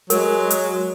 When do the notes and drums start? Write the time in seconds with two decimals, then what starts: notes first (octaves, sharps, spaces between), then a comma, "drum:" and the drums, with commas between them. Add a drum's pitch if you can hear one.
0.10 F#3 G#3 A#4, drum: hi-hat
0.50 drum: hi-hat